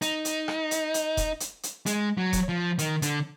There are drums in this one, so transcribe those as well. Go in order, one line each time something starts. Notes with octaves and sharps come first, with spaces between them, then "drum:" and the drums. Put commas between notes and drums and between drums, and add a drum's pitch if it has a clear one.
D#4, drum: hi-hat
drum: hi-hat
drum: rim click
drum: hi-hat
drum: hi-hat
drum: kick E1, hi-hat
drum: hi-hat
drum: hi-hat
G#3, drum: hi-hat
F#3
drum: kick E1, hi-hat
F3
D#3, drum: hi-hat
D3, drum: hi-hat